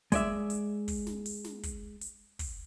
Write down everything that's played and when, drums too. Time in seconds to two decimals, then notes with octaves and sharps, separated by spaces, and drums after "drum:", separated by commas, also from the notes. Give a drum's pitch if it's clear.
0.12 G#3 D5 E5, drum: kick, hi-hat
0.50 drum: hi-hat
0.88 drum: kick, open hi-hat
1.07 drum: snare
1.26 drum: open hi-hat
1.44 drum: snare
1.63 drum: kick, hi-hat
2.01 drum: hi-hat
2.39 drum: kick, open hi-hat